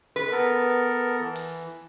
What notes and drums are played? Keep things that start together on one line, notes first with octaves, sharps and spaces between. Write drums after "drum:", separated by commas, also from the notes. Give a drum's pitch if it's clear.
B4
B3 A4 A#4
E3
drum: open hi-hat